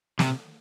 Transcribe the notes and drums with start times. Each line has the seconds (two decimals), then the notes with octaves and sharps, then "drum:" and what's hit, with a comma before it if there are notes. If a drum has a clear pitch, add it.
0.19 C3, drum: snare